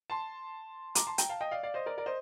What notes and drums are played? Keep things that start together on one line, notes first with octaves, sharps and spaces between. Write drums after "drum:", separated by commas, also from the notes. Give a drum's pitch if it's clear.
A5 C6
A#5 D6, drum: hi-hat
A5 C6
G5 A#5, drum: hi-hat
F5 A5
D#5 G5
D5 F5
D5 F5
C5 D#5
A#4 D5
A#4 D5
C5 D#5